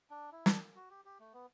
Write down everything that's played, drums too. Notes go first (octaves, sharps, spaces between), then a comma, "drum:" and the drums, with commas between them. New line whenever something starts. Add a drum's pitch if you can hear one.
D4
E4
D4, drum: snare
F#4
G4
G4
A3
B3